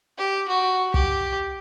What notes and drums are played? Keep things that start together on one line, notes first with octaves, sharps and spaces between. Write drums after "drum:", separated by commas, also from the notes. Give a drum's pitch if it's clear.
G4
F#4
G4, drum: kick